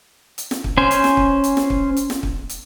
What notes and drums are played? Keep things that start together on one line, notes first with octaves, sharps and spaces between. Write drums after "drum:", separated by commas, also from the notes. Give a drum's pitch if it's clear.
drum: hi-hat
drum: snare
drum: kick
C#4 C5 G#5
drum: hi-hat
drum: snare
drum: kick
drum: hi-hat
drum: snare
drum: kick
drum: hi-hat
drum: snare
drum: kick
drum: hi-hat